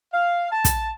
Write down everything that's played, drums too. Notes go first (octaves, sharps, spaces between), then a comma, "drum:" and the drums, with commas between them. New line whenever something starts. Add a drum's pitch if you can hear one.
F5
A5
drum: kick, hi-hat